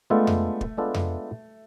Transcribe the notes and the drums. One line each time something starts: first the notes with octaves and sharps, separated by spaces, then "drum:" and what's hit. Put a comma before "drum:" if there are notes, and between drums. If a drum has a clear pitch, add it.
G#3 A3 B3 D4 F4 A4
drum: tom F2
drum: kick
G#3 B3 D4 F4 A4
drum: tom F2